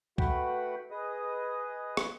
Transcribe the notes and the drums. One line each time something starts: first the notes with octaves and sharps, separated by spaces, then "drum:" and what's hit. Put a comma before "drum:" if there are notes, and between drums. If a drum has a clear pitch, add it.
A3 F#4 B4 F#5 G5 B5, drum: kick
G#4 B4 D#5 D#6
drum: rim click